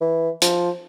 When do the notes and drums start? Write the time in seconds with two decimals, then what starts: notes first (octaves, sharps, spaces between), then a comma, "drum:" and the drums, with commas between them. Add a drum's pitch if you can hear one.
0.01 E3
0.42 F3, drum: hi-hat